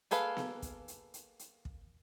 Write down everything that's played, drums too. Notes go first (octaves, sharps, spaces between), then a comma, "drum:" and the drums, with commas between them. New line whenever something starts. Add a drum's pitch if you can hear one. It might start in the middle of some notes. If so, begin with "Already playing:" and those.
A#3 G#4 A4 B4 F5, drum: hi-hat
drum: snare B3
drum: kick, hi-hat
drum: hi-hat
drum: hi-hat
drum: hi-hat
drum: kick